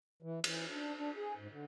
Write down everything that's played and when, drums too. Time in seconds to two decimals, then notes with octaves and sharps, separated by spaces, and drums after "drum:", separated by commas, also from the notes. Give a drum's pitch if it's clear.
0.23 E3
0.44 E3, drum: cymbal
0.71 D4
0.97 D4
1.17 G#4
1.37 G#2
1.51 D3